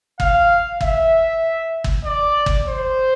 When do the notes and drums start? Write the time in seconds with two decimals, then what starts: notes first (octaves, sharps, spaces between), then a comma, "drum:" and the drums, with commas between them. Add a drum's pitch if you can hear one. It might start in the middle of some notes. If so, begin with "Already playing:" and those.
0.20 F5, drum: kick
0.81 E5, drum: kick
1.84 drum: kick
2.05 D5
2.46 drum: kick
2.67 C5